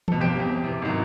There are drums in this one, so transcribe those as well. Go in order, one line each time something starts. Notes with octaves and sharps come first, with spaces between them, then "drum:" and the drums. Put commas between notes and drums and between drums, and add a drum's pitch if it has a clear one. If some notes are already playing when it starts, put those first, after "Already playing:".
B2 A4, drum: tom E3
G1 C4 G4 D7
E2
C3 E3
G#1 D#3 F#3